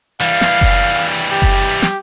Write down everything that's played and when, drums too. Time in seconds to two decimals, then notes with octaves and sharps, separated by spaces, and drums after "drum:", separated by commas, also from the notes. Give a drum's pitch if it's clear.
0.21 E3 G3 F5
0.41 drum: snare
0.61 drum: kick F#1
1.31 G4
1.42 drum: kick F#1
1.82 drum: snare